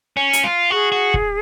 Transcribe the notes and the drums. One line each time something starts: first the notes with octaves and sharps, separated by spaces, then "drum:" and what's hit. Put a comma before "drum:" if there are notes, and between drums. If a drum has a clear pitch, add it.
C#4
drum: hi-hat
F4
F#4 G#4
F#4
drum: kick